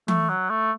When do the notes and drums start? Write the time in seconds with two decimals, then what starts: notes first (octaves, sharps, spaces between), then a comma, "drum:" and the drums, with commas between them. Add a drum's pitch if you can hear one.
0.08 A3, drum: tom E3
0.29 F#3
0.50 A3